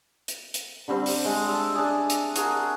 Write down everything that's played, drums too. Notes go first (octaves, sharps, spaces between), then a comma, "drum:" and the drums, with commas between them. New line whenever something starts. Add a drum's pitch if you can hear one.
drum: hi-hat
drum: hi-hat
D3 G3 C4
drum: open hi-hat
G#3
A4 E5
D4 G#4
drum: hi-hat
F#4 G#4 A#4, drum: hi-hat